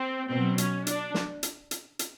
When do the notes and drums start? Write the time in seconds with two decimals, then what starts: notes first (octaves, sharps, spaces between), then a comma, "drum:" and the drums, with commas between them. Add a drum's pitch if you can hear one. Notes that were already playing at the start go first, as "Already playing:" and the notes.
Already playing: C4
0.29 B2 F#3 C4
0.58 C#4, drum: hi-hat
0.87 D4, drum: hi-hat
1.14 drum: snare
1.43 drum: hi-hat
1.71 drum: hi-hat
1.99 drum: hi-hat